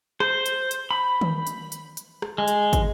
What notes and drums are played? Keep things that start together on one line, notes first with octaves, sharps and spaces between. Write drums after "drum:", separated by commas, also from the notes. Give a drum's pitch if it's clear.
C5, drum: rim click
drum: hi-hat
drum: hi-hat
B5
drum: tom D#3
drum: hi-hat
drum: hi-hat
drum: hi-hat
drum: rim click
G#3
drum: hi-hat
drum: kick, hi-hat